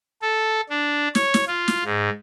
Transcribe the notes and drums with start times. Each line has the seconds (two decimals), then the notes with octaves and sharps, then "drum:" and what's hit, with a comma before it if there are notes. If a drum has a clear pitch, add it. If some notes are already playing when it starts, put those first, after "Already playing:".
0.22 A4
0.70 D4
1.15 C#5, drum: snare
1.34 drum: snare
1.48 F4
1.68 drum: snare
1.85 G#2